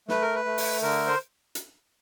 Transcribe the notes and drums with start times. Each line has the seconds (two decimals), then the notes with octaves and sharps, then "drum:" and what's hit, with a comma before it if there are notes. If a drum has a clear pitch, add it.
0.09 A3 B4, drum: snare
0.22 A#4
0.35 B4
0.45 A3
0.58 drum: open hi-hat
0.82 D3 A#4
1.06 C5
1.55 drum: hi-hat